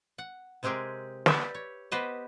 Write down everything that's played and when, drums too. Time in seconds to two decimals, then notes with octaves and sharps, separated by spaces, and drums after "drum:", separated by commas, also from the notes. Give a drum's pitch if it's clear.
0.18 F#5
0.63 C3 G#3 C4 G4 G#4 A#4
1.26 G4 B4 D5 E5, drum: snare
1.55 C#5
1.92 B3 G4 B4 C5 D#5